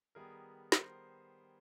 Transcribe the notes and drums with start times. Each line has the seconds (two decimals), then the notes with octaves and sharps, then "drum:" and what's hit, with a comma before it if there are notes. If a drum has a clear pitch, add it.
0.15 D#3 G3 B3 G#4 A#4
0.72 A#4 C5, drum: snare